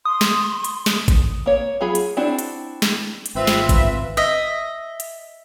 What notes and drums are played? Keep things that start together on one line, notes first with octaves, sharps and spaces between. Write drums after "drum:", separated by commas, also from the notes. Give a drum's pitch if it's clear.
C6 D#6
drum: snare
drum: hi-hat
drum: snare
drum: kick G#1, hi-hat
A#3 C#5
F#3 F4 G#4 B5
drum: hi-hat
C4 D4 E4 F#4
drum: hi-hat
drum: snare
drum: hi-hat
G#1 C4 F4 B4 E5
drum: snare
drum: kick G#1, hi-hat
D#5 E5
drum: hi-hat